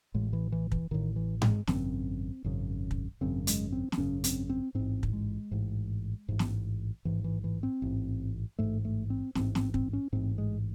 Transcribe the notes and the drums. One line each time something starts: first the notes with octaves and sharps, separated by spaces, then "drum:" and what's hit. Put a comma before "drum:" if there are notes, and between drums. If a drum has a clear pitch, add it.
A1 A2 G#3
E3
E3
E3, drum: kick
A1 A2 D#3
E3
G#3, drum: tom G#2
G#1 F#2 C#3 C4, drum: snare
G#1 F#2 C#3
drum: kick
G#1 F#2 C#3 C4
G#3, drum: hi-hat
C4
C4, drum: snare
G#1 F#2 C#3 C#4
C4, drum: hi-hat
C4
A1 G#2 C4
drum: kick
G#3
A1 G#2
A1 G#2
drum: snare
A1 G#2 E3
E3
E3
C4
A1 G#2
A1 G#2 A3
A3
C4
A1 G#2 C4, drum: snare
C4, drum: snare
C4, drum: kick
C#4
A1 G#2 C4
G#3